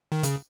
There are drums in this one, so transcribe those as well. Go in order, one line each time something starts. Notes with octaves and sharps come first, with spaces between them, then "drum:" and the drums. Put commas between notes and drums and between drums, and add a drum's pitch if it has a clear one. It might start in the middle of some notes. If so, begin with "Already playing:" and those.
D#3
C#3, drum: hi-hat